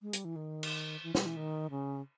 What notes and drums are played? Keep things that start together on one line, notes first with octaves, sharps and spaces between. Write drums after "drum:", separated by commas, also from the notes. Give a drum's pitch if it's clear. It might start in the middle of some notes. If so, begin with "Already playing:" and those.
G#3
G3, drum: hi-hat
E3
D#3
drum: cymbal
E3
G3, drum: snare
E3
D#3
C#3